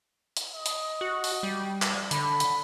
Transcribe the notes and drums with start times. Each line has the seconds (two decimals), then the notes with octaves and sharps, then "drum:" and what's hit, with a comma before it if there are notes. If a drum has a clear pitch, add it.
0.37 drum: hi-hat
0.54 D#5
0.66 drum: hi-hat
1.01 F#4
1.24 drum: open hi-hat
1.43 G3
1.82 drum: clap
2.11 D3 B5, drum: hi-hat
2.40 drum: hi-hat